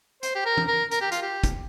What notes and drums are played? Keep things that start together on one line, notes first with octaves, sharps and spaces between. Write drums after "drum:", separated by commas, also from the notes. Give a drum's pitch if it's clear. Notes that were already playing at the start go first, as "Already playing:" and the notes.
C5, drum: hi-hat
G4
A#4
drum: tom
A#4
A#4, drum: hi-hat
G4
F4, drum: hi-hat
G4
drum: kick, hi-hat